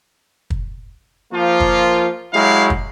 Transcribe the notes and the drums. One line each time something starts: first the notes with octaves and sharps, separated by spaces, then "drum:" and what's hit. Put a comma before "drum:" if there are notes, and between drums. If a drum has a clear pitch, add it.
drum: kick
F3 A#3 F4
drum: kick
F#3 G#3 E4 F#4 G4 F5
drum: kick